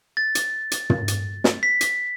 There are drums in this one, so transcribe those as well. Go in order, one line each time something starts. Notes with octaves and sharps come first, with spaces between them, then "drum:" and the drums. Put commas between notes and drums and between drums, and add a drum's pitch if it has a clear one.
A6
drum: hi-hat
drum: hi-hat
drum: tom
drum: hi-hat
drum: snare
B6
drum: hi-hat